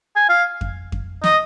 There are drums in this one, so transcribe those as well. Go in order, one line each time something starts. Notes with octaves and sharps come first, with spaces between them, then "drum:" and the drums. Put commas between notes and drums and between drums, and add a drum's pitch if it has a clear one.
G#5
F5
drum: kick F2
drum: kick F2
D#5, drum: snare